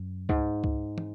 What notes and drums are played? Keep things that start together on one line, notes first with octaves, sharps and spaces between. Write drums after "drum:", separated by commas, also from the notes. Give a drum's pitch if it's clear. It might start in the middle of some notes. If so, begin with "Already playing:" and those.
Already playing: F#2
G#2, drum: kick C#2
drum: kick C#2
drum: tom